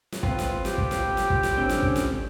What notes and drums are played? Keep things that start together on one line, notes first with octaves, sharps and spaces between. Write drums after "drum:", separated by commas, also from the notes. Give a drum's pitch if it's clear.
drum: snare
C4 F4 B4, drum: kick
drum: snare
G4, drum: snare
drum: kick
drum: snare
drum: snare
drum: kick
drum: snare
D3 C4 C#4
drum: snare
drum: kick
drum: snare